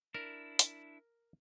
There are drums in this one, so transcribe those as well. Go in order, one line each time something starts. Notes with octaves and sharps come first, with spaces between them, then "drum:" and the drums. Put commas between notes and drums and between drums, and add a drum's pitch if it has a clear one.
D4 E4 A#4
drum: hi-hat